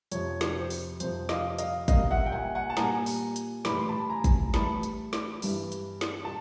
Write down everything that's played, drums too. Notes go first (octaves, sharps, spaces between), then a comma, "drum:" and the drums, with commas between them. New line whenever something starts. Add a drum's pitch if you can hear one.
F2 C3 F3 C#5, drum: hi-hat
drum: snare
C5
drum: open hi-hat
F2 C3 F3 C5, drum: hi-hat
D#5 F5, drum: snare
D#5 F5, drum: hi-hat
A#2 G3 A#3 D#5 F5, drum: kick, hi-hat
E5 F#5
G5
F#5 G#5
F#5 G#5
A5
A#2 G3 A#3 G#5 A#5, drum: snare
drum: open hi-hat
drum: hi-hat
A2 E3 G3 B5, drum: snare
C6
A5 B5
G#5 A#5
drum: kick, hi-hat
A2 E3 G3 A5 B5, drum: snare
drum: hi-hat
drum: snare
G2 E3 G3, drum: open hi-hat
drum: hi-hat
drum: snare
A5